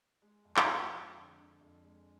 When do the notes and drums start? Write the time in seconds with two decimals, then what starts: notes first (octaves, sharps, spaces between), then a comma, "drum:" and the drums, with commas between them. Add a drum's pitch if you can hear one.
0.22 G#3
0.45 F2
0.56 drum: clap
0.68 G#3
0.91 F2
1.14 D3
1.37 D3
1.61 F2
1.84 G#3